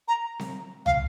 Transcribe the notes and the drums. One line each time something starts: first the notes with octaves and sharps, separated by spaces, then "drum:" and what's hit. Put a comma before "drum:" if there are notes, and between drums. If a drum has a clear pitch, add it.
A#5
drum: snare C4
F5, drum: tom